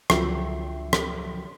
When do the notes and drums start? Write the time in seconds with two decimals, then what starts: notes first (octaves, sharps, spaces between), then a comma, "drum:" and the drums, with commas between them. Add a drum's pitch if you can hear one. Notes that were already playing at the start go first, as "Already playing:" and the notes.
0.10 C#2 D3 F3 F#3 E5 G5, drum: rim click
0.93 drum: rim click